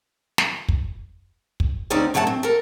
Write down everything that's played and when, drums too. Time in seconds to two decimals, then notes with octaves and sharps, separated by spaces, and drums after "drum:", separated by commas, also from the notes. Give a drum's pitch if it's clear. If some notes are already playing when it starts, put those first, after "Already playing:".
0.38 drum: snare
0.69 drum: kick
1.60 drum: kick
1.90 D2 C4 C#4 D#4 D5 F#5
2.14 F#2 F#3 A3 F#5 G#5 A5
2.27 C4
2.43 A4 A#4